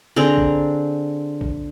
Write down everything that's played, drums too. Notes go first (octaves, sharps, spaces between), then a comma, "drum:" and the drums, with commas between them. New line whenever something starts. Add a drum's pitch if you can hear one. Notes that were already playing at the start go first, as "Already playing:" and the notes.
D3 C4 G#4 A#5
drum: kick
drum: kick